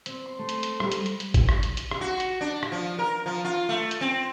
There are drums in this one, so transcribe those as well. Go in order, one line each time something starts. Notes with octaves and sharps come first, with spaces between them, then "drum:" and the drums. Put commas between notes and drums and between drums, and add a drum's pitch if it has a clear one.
C4, drum: hi-hat
C6
A3
drum: hi-hat
drum: hi-hat
G3, drum: rim click
drum: hi-hat
drum: hi-hat
drum: hi-hat
drum: kick G#1, hi-hat
drum: rim click
drum: hi-hat
drum: hi-hat
drum: rim click
F#4
drum: hi-hat
D4
drum: rim click
F3
A#4
F3
F4
A3
drum: hi-hat
C4